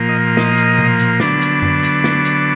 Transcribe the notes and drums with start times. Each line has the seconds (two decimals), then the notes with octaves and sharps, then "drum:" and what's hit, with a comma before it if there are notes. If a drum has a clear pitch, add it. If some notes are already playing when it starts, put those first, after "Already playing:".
Already playing: A#2 F3 A#3
0.09 D#5
0.37 D#5, drum: snare
0.58 drum: hi-hat
0.78 drum: tom B2
0.99 drum: hi-hat
1.20 D3 F#3 B3 D4, drum: snare
1.41 drum: hi-hat
1.62 drum: tom F#2
1.83 drum: hi-hat
2.04 drum: snare
2.25 drum: hi-hat